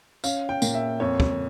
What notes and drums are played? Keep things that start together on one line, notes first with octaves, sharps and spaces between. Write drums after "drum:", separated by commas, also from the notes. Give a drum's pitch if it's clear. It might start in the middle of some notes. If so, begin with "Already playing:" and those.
C#4 F5, drum: tambourine
G5
A#2, drum: tambourine
E5
F2 C#5
drum: kick